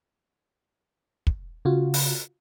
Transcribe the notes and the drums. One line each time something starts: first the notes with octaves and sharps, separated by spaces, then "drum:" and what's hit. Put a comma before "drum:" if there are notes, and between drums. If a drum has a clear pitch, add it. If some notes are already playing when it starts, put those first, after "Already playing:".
drum: kick
C#3 F4 F#4
drum: open hi-hat